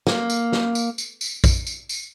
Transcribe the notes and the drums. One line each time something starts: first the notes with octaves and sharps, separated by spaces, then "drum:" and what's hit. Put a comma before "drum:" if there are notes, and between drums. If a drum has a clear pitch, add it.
A#3, drum: snare
drum: tambourine
drum: snare
drum: tambourine
drum: tambourine
drum: tambourine
drum: kick A#1, tambourine
drum: tambourine
drum: tambourine